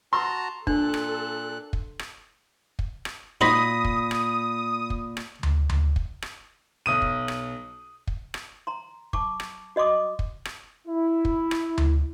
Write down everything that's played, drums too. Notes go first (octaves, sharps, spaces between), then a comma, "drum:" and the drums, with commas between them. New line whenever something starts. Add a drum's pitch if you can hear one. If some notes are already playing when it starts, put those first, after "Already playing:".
F#4 A5 A#5 C6
A#2 D4 A4 F#6, drum: kick
drum: rim click
drum: kick
drum: rim click
drum: kick
drum: rim click
A#2 D#4 F#4 C5 B5 D#6 A#6 B6
drum: kick
drum: rim click
drum: kick
drum: rim click
drum: tom D2
drum: tom D2
drum: kick
drum: rim click
B1 D#6 D#7
drum: kick
drum: rim click
drum: kick
drum: rim click
A#5 C6
A5 C#6 D6, drum: kick
drum: rim click
F#4 D#5 C6 D6 D#6
drum: kick
drum: rim click
E4
drum: kick
drum: rim click
drum: tom D2